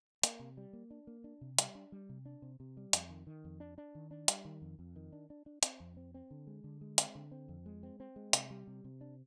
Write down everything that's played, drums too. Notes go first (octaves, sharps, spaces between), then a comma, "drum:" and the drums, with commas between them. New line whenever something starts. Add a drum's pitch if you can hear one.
A#3, drum: hi-hat
C3
G3
A#3
D4
A#3
D4
C3
G3, drum: hi-hat
D4
G3
C3
D4
C3
C3
G3
F2, drum: hi-hat
D#3
D#3
F2
D4
D4
D#3
D4
G3, drum: hi-hat
D#3
F2
F2
D#3
D4
D4
D4
C4, drum: hi-hat
F2
C4
C4
D3
G#3
D3
G#3
C4, drum: hi-hat
D3
C4
F2
G#3
C4
C4
G#3
C3, drum: hi-hat
G3
C3
C3
D4